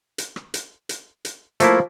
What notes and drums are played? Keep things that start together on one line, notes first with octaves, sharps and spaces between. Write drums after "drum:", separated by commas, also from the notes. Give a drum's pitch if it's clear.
drum: hi-hat
drum: rim click
drum: hi-hat
drum: hi-hat
drum: hi-hat
F3 A3 A#3 E4, drum: hi-hat